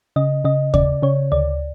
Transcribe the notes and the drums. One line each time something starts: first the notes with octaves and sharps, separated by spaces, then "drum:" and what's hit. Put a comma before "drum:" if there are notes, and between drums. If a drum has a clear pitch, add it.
C#3 D#5
C#3 D#5
C#3 D5, drum: kick D#2
C#3 C#5
D2 D5